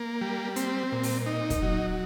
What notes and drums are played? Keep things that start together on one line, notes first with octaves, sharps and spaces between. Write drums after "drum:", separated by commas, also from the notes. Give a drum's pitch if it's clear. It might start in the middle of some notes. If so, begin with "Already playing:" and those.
Already playing: A#3
G3
C4, drum: hi-hat
A#2
drum: open hi-hat
D#4
drum: kick, hi-hat
F#3